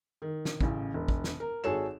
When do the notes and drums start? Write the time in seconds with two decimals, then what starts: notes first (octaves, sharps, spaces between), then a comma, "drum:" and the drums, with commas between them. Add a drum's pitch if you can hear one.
0.22 D#3
0.45 drum: snare
0.61 A1 C#3, drum: kick
0.94 E1
1.08 drum: kick
1.24 drum: snare
1.40 A#4
1.64 G#1 F#4 G#4 A4 C#5 E7